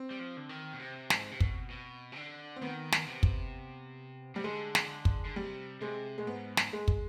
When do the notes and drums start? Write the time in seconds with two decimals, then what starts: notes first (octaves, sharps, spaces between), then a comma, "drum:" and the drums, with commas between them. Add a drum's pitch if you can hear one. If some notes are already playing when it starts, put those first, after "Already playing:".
Already playing: C4
0.11 G3
0.19 F3
0.37 D3
0.49 D#3
0.73 B2
0.79 C3
1.10 G#2, drum: snare
1.31 C3
1.40 B2, drum: kick
1.70 B2
2.12 C3
2.16 D3
2.56 C4
2.62 D#3 B3
2.92 drum: snare
3.07 C3
3.23 drum: kick
4.35 C3 G3
4.44 D3 G#3
4.75 drum: snare
5.05 drum: kick
5.25 D3
5.35 C3 G3
5.81 C3 G#3
6.18 B2 G#3
6.27 G#2 B3
6.57 drum: snare
6.73 G#3
6.88 drum: kick